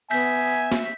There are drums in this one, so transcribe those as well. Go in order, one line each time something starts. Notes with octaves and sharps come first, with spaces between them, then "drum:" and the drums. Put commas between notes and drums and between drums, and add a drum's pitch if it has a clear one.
B3 E5 G#5 G6 B6
drum: snare